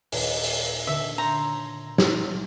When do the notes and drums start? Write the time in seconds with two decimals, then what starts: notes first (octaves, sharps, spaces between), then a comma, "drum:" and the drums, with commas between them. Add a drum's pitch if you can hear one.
0.12 D#2 A#2, drum: open hi-hat
0.43 drum: open hi-hat
0.87 D3 E5
1.18 C#5 A#5 C6 G6
1.98 drum: snare